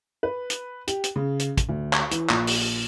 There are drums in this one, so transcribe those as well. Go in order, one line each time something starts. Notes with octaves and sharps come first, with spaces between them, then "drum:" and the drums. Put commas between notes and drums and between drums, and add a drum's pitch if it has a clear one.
B4
drum: hi-hat
G4, drum: hi-hat
drum: hi-hat
C#3
drum: hi-hat
drum: kick, hi-hat
D2
drum: clap
E3, drum: hi-hat
A#1, drum: clap
drum: open hi-hat